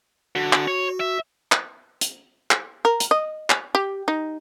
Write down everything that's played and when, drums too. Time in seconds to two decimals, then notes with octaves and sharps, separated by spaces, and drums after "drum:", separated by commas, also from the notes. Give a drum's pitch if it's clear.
0.35 D3 F#4
0.53 drum: clap
0.68 C#5
1.00 E5
1.52 drum: clap
2.01 drum: hi-hat
2.51 drum: clap
2.85 A#4
3.00 drum: hi-hat
3.11 D#5
3.50 drum: clap
3.75 G4
4.08 D#4